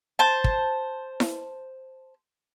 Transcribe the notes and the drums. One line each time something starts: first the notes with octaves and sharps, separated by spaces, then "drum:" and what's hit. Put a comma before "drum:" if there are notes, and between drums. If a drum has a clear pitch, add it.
C5 A5
drum: kick
drum: snare E4